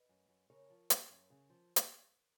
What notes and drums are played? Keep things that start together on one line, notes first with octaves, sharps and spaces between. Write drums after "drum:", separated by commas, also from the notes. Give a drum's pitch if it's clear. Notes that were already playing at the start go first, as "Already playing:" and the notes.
Already playing: B4 D#5
F#2
F#2
C#3 A#4 C#5
F3
F#2, drum: hi-hat
F#2
C#3
F3
drum: hi-hat